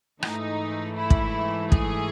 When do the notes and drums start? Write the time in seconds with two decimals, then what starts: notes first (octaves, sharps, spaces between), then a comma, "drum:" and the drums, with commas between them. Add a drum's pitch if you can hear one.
0.23 G#2 E3 A3 D#4, drum: rim click
0.97 E4
1.10 drum: kick
1.72 G#4, drum: kick